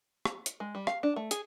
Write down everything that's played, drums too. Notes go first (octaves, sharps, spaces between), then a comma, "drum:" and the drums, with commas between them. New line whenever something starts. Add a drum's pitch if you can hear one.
drum: rim click
drum: hi-hat
G#3
G3
F5, drum: rim click
D4
A3
G#4, drum: hi-hat